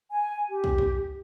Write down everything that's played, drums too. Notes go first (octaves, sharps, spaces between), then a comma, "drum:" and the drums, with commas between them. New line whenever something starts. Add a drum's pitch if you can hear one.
G#5
G4
drum: kick
drum: kick